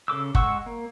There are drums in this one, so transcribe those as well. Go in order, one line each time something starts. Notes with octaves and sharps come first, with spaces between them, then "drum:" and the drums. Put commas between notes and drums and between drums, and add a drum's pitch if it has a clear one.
C#3 A4 D6 E6
G#3 F#5 C#6 E6, drum: kick F#1
A#3